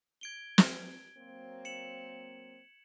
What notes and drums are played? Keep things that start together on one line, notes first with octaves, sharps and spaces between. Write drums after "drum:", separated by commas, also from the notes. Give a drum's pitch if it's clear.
G#6 D7 G7
drum: snare
F#3 A#3 C4
C#7 E7 F#7